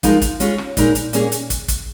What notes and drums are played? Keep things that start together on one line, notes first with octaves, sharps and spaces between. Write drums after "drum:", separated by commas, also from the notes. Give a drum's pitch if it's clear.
F3 G#3 D#4 A#4, drum: kick, hi-hat
drum: kick, hi-hat
G#3 C#4 F4 G#4, drum: hi-hat
drum: rim click
A#2 G#3 D#4 A#4, drum: kick, hi-hat
drum: hi-hat
A#2 A#3 C#4 G#4, drum: hi-hat
drum: hi-hat
drum: kick, hi-hat
drum: kick, hi-hat